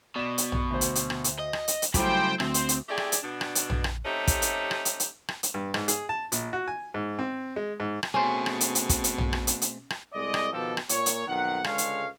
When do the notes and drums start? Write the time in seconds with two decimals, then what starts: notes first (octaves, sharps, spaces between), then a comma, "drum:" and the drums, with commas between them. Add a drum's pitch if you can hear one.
0.16 B2 D5 E7
0.38 drum: hi-hat
0.52 drum: tom A#1
0.70 D2 C5
0.81 drum: hi-hat
0.95 drum: hi-hat
1.10 drum: rim click
1.24 drum: hi-hat
1.40 D#5
1.53 drum: rim click
1.68 drum: hi-hat
1.82 drum: hi-hat
1.94 C#3 F#3 G3 A3 E4 C5 G5, drum: kick, hi-hat
2.40 D2 C4 C5, drum: rim click
2.54 drum: hi-hat
2.69 drum: hi-hat
2.88 A3 C4 E4 G4 G#4 D5
2.98 drum: rim click
3.12 drum: hi-hat
3.23 B2 D4
3.41 drum: rim click
3.55 drum: hi-hat
3.70 drum: tom A#1
3.84 drum: rim click
4.05 C3 A3 C#4 D#4 G4 E5
4.27 drum: kick, hi-hat
4.42 drum: hi-hat
4.71 drum: rim click
4.85 drum: hi-hat
5.00 drum: hi-hat
5.29 drum: rim click
5.43 drum: hi-hat
5.54 G2
5.74 G#2, drum: rim click
5.88 G#4, drum: hi-hat
6.09 A5
6.32 A#1, drum: hi-hat
6.53 F#4
6.68 G#5
6.94 G#2
7.19 C4
7.56 G#3
7.80 G#2
8.03 drum: rim click
8.14 B2 A3 C4 C#4 G#4 C5
8.46 drum: rim click
8.61 drum: hi-hat
8.75 drum: hi-hat
8.89 drum: kick, hi-hat
9.04 drum: hi-hat
9.18 drum: tom A#1
9.33 drum: rim click
9.47 drum: hi-hat
9.62 drum: hi-hat
9.90 drum: rim click
10.13 C2 G#3 D5 D#5
10.34 drum: rim click
10.53 B2 D#3 F3 G4 A4
10.77 drum: rim click
10.89 A#2 C#5, drum: hi-hat
11.06 drum: hi-hat
11.27 B1 F2 D#3 F#5
11.64 C#2 D3 G#3 C#5 F5, drum: rim click
11.78 drum: hi-hat